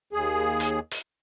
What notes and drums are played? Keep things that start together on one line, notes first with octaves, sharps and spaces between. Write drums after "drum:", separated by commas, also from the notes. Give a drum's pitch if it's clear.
D#2 G#4
drum: hi-hat
drum: hi-hat